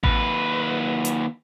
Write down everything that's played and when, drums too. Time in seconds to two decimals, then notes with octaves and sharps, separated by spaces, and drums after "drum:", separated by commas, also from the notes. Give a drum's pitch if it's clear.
0.03 D#2 B4, drum: kick A1
1.05 drum: hi-hat